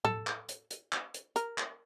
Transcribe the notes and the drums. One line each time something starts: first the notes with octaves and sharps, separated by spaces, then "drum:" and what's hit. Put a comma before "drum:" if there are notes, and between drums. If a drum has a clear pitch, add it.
A4, drum: tom A2
drum: clap
drum: hi-hat
drum: hi-hat
drum: clap
drum: hi-hat
A#4, drum: hi-hat
drum: clap